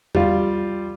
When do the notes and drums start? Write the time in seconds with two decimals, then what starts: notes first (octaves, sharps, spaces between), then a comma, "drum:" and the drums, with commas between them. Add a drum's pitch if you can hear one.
0.15 G3 F4, drum: tom E2